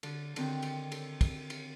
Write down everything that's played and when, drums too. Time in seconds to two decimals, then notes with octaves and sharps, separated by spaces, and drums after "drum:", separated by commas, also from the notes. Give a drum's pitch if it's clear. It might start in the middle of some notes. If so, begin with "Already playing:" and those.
0.03 D3, drum: cymbal
0.36 D3 D#3 C4, drum: cymbal
0.62 drum: cymbal
0.92 A4, drum: cymbal
1.21 drum: kick, cymbal
1.50 drum: cymbal